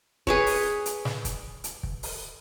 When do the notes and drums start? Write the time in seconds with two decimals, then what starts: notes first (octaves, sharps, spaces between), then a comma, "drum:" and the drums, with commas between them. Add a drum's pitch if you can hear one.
0.27 G#4 B4 C#5, drum: kick
0.46 drum: open hi-hat
0.86 drum: hi-hat
1.05 drum: snare
1.25 drum: kick, hi-hat
1.64 drum: hi-hat
1.83 drum: kick
2.03 drum: open hi-hat